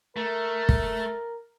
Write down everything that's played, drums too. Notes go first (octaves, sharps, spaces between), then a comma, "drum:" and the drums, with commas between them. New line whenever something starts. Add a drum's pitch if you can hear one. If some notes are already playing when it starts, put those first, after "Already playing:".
A3 A#4
drum: kick